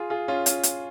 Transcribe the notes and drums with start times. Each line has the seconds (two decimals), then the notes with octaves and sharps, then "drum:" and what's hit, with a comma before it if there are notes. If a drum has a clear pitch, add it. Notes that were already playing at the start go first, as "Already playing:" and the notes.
Already playing: F4 G#4
0.10 F4 G#4
0.28 C#4 F4
0.46 C#4 F4, drum: hi-hat
0.63 drum: hi-hat